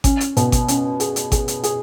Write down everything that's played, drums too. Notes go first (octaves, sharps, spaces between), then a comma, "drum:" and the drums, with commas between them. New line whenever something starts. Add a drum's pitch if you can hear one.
C#4, drum: kick G#1, hi-hat
drum: hi-hat
B2, drum: hi-hat
drum: kick G#1, hi-hat
C#4, drum: hi-hat
G#4, drum: hi-hat
drum: hi-hat
G#4, drum: kick G#1, hi-hat
drum: hi-hat
G#4, drum: hi-hat